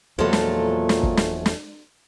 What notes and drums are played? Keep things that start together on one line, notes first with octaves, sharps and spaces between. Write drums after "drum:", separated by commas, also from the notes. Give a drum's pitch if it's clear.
E2 A#2 F3 F#3 G#3 A3 B3 A4
drum: snare
drum: snare
drum: kick
drum: snare
drum: snare